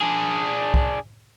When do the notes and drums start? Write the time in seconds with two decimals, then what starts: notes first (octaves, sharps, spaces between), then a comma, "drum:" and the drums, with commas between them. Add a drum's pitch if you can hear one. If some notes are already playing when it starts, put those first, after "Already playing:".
0.01 D4 G#4
0.74 drum: kick